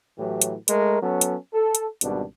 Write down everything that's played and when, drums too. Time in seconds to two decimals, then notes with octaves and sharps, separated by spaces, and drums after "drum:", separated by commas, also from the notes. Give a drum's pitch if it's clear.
0.18 A2 E3 F#3 G4
0.42 drum: hi-hat
0.68 G#3 A3 A#4, drum: hi-hat
1.02 F#3 B3 C#4 A4
1.21 drum: hi-hat
1.53 A4
1.75 drum: hi-hat
2.01 G#1 B2 G3 D4, drum: hi-hat